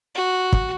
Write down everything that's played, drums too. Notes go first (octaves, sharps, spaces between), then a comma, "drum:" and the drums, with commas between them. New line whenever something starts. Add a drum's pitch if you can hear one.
F#4
drum: kick